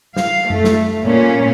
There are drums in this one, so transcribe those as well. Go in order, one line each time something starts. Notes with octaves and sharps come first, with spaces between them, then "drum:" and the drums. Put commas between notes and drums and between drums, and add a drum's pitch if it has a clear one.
F5, drum: snare
A3, drum: tom F#2
drum: snare
A#2 C#4